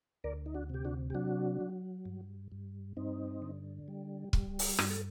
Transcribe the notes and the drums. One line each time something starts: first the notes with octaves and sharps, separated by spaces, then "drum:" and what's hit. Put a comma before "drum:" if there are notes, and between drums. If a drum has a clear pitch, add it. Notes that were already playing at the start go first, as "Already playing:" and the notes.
D2 A#4 D5
D#4
D4 F#4
C3 G4
D4 F#4
G4
F#3 D4 F#4
F#3
G2
G2
G2 C4 D#4
D3
G3
G3, drum: kick
drum: open hi-hat
G2 D4 F#4, drum: rim click
A4